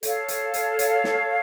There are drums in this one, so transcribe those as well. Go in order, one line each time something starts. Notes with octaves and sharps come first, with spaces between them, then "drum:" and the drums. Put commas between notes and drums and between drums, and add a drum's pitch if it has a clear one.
A4 C#5 F5, drum: hi-hat
drum: hi-hat
drum: hi-hat
drum: hi-hat
drum: snare